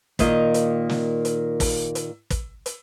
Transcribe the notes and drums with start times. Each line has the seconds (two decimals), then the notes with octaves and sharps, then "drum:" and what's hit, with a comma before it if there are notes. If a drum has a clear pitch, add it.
0.19 A#2 D#3 A#3 D#5, drum: kick, hi-hat
0.54 drum: hi-hat
0.89 drum: snare
1.25 drum: hi-hat
1.60 drum: kick, open hi-hat
1.95 drum: hi-hat
2.30 drum: kick, hi-hat
2.66 drum: hi-hat